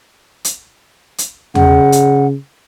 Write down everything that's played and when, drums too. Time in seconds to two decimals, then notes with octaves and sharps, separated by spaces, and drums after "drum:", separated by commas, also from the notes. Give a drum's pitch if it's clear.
0.45 drum: hi-hat
1.18 drum: hi-hat
1.55 C#3 F#5, drum: tom E2
1.92 drum: hi-hat